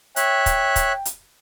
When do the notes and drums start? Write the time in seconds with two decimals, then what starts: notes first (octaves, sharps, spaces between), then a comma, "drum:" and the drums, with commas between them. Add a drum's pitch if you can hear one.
0.16 C#5 E5 G5 F#6, drum: hi-hat
0.46 drum: kick, hi-hat
0.76 drum: kick, hi-hat
1.05 drum: hi-hat